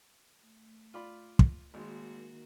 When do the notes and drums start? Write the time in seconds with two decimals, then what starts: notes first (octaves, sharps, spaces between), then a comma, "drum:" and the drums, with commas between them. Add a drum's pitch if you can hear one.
0.45 A3
0.94 F4 D5 B5
1.39 drum: kick
1.74 G#1 D#3 G#3 A#3 F#4